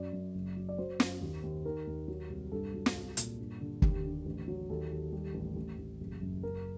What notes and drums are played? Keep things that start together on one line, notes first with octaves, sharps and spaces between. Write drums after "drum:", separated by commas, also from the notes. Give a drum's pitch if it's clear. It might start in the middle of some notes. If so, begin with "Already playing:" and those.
Already playing: F#2 F#3 D5
F#2
F#1
F#3
D5
F#3 C5
F#2, drum: snare
D#2
D#2
D#3 A#4
D#2
F#3
C2
G2 A4
F#3
drum: snare
C2
A#2, drum: hi-hat
G2
D3
D#2 G4, drum: kick
D3
A1
F#3
D#2 A4
D#2
G3
A1
A1
A1
F#1
F#2
F#2 A#4